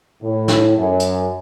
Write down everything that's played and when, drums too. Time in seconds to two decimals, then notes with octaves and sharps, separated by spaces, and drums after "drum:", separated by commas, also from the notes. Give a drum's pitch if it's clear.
0.22 A2
0.48 drum: snare
0.77 F#2
1.00 drum: hi-hat